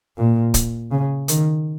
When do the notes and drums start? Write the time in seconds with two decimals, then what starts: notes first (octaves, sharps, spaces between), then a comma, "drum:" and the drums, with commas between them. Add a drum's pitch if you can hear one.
0.17 A#2
0.54 drum: kick, hi-hat
0.91 C#3
1.28 D#3, drum: hi-hat